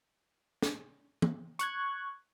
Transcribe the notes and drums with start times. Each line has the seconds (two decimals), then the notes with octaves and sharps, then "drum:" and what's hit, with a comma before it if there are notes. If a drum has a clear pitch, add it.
0.62 drum: snare
1.22 drum: tom E3
1.59 C#6 F#6 G#6, drum: hi-hat